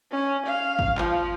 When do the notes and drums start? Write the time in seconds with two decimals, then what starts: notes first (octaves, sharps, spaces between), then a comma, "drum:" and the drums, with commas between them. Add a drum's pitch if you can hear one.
0.11 C#4
0.47 F5
0.79 drum: kick
0.98 F3, drum: clap